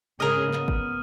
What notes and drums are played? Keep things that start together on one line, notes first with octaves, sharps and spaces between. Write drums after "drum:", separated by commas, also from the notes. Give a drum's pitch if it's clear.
G#2 C#3 G#4 A#4 D#5 D#6 F6 D#7
B3, drum: clap
drum: kick G1